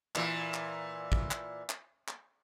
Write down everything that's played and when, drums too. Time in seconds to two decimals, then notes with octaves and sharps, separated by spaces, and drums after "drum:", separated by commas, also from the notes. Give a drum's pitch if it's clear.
0.15 A#2 E3, drum: clap
0.54 drum: clap
1.12 drum: kick A1
1.31 drum: clap
1.70 drum: clap
2.08 drum: clap